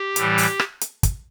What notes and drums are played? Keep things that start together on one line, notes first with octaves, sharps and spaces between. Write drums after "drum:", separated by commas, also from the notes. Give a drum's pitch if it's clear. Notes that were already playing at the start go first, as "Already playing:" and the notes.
Already playing: G4
A2 E3 G3, drum: hi-hat
drum: open hi-hat
drum: rim click
drum: hi-hat
drum: kick, hi-hat